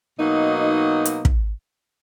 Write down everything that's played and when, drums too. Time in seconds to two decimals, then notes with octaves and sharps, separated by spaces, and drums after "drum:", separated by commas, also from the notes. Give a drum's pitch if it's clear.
0.20 B2 F#3 A#3 D#4
1.05 drum: hi-hat
1.25 drum: kick